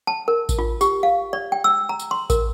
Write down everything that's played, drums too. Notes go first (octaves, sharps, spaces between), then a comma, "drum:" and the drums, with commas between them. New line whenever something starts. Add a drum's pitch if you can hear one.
A5
A#4
drum: kick A1, tambourine
F4
G4, drum: tambourine
F5
D5
G5
E6
A#5
drum: tambourine
C6
A#4, drum: kick A1, tambourine